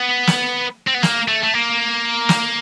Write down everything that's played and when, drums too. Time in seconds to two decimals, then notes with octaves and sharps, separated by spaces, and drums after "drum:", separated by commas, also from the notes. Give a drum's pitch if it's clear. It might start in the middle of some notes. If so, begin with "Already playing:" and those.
Already playing: B3
0.27 drum: snare
0.88 C4
0.95 B3
1.03 A#3, drum: snare
1.28 A3
1.43 A3
1.54 A#3
2.29 drum: snare